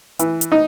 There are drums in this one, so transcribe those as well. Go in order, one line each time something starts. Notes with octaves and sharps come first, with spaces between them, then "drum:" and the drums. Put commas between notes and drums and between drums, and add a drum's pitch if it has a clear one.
E3, drum: hi-hat
drum: hi-hat
D#4